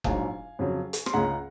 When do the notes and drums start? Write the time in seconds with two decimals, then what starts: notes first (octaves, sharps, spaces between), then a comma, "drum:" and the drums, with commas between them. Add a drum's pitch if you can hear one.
0.04 A#1 G#2 F#3 F5 G#5, drum: kick F#1
0.59 F2 C#3 F#3
0.93 drum: hi-hat
1.06 C6, drum: rim click
1.13 C#2 C#3 G#3 F#5 A#5